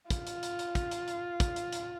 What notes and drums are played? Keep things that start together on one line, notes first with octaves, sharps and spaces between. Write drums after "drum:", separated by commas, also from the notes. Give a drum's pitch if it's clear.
F4, drum: kick, hi-hat
drum: hi-hat
drum: hi-hat
drum: hi-hat
drum: kick, hi-hat
drum: hi-hat
drum: hi-hat
drum: kick, hi-hat
drum: hi-hat
drum: hi-hat